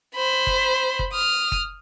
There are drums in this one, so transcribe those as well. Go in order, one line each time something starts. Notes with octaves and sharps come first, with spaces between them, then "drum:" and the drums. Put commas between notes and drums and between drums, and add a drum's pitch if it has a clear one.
C5 B5
drum: kick F#1
drum: kick F#1
D#6 F6
drum: kick F#1